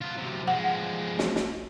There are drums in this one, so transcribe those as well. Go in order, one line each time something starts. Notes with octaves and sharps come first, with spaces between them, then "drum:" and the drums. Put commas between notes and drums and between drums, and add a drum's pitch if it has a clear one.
B3 F4
F#2 C3
F3 G#3 F#5
drum: snare
drum: snare